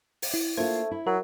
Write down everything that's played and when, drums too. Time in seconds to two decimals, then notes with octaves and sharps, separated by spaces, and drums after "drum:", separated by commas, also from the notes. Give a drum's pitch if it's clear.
0.22 drum: open hi-hat
0.34 E4
0.57 A3 A#3 D4 F4 C5 G#6
0.91 E4
1.07 F#3 A#4